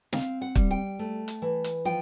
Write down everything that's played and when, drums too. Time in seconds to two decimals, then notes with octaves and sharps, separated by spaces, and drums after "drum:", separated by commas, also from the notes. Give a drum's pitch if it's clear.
0.13 C4 F5, drum: snare
0.41 F#5
0.55 G3, drum: kick
0.71 G5
0.99 A3
1.28 drum: hi-hat
1.42 E3
1.64 drum: hi-hat
1.85 F3 G5